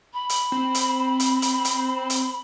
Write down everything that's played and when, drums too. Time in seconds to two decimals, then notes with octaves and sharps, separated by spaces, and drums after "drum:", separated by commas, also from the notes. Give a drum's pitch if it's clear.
0.13 B5
0.29 drum: hi-hat
0.52 C4
0.75 drum: hi-hat
1.20 drum: hi-hat
1.42 drum: hi-hat
1.65 drum: hi-hat
2.10 drum: hi-hat